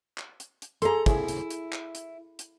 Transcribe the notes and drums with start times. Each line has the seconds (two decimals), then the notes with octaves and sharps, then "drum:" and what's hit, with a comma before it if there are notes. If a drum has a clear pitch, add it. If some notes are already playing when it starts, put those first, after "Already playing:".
0.18 drum: clap
0.40 drum: hi-hat
0.62 drum: hi-hat
0.82 G#4 A4 A#5 C6, drum: hi-hat
1.06 E4 G#4, drum: kick, hi-hat
1.28 drum: hi-hat
1.51 drum: hi-hat
1.73 drum: clap
1.95 drum: hi-hat
2.39 drum: hi-hat